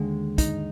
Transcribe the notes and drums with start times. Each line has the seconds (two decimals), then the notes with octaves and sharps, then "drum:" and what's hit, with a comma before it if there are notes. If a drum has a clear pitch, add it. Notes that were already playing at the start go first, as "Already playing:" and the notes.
Already playing: D#2 D3 G#3
0.38 D#4, drum: kick, hi-hat